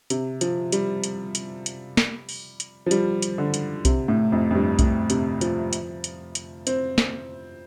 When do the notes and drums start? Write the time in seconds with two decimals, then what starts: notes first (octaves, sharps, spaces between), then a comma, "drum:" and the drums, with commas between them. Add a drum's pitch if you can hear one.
0.10 C3, drum: hi-hat
0.41 F3, drum: hi-hat
0.72 G3, drum: hi-hat
1.04 drum: hi-hat
1.35 drum: hi-hat
1.66 drum: hi-hat
1.97 drum: snare
2.29 drum: open hi-hat
2.60 drum: hi-hat
2.86 F3
2.91 G3, drum: hi-hat
3.22 drum: hi-hat
3.38 D3
3.54 drum: hi-hat
3.85 C3, drum: kick B1, hi-hat
4.08 A2
4.32 F2
4.51 F2
4.55 G2
4.79 A2, drum: kick B1, hi-hat
5.10 C3, drum: hi-hat
5.41 F3, drum: hi-hat
5.73 drum: hi-hat
6.04 drum: hi-hat
6.35 drum: hi-hat
6.67 C4, drum: hi-hat
6.98 drum: snare